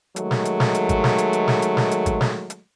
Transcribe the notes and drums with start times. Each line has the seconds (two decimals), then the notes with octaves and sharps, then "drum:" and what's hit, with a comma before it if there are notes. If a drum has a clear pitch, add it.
0.16 D#3 F#3 G#3 A3, drum: hi-hat
0.31 drum: snare
0.45 drum: hi-hat
0.60 drum: snare
0.75 drum: hi-hat
0.89 drum: kick G#1, hi-hat
1.04 drum: snare
1.18 drum: hi-hat
1.33 drum: hi-hat
1.48 drum: snare
1.62 drum: hi-hat
1.77 drum: snare
1.91 drum: hi-hat
2.06 drum: kick G#1, hi-hat
2.21 drum: snare
2.50 drum: hi-hat